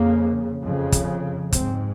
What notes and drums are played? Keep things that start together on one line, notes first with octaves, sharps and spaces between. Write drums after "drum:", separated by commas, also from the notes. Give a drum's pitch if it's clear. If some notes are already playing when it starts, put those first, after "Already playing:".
Already playing: F2 C#3 A#3
F2 C#3
drum: kick, hi-hat
G#2 C4, drum: kick, hi-hat